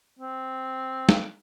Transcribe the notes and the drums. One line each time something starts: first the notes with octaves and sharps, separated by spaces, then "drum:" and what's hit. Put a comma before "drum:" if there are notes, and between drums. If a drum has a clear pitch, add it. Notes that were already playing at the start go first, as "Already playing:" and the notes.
C4
drum: snare